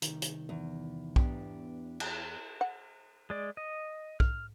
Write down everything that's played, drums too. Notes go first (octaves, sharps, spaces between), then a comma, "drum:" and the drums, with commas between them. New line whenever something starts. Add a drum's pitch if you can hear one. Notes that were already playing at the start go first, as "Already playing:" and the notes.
C2 D#3, drum: hi-hat
drum: hi-hat
E2
B3 D4 G4, drum: kick B1
drum: cymbal
F#5
G#3 D5
D#5
F6, drum: kick B1